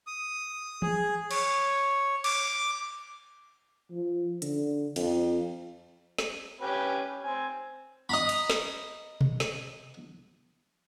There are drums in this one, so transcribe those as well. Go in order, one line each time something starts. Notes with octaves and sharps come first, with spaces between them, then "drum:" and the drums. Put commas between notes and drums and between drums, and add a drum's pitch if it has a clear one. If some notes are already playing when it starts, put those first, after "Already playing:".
D#6
G#4, drum: tom E3
C#5, drum: cymbal
D6, drum: cymbal
F3
D3, drum: hi-hat
F2, drum: cymbal
drum: snare
C#4 G4 B4
C4 G#5
D#5 A#5 B5
drum: cymbal
drum: snare
drum: tom B2
drum: snare